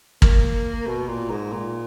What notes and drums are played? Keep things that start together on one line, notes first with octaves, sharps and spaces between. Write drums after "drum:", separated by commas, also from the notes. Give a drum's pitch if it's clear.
A#3, drum: kick
B2
A#2
G#2
A#2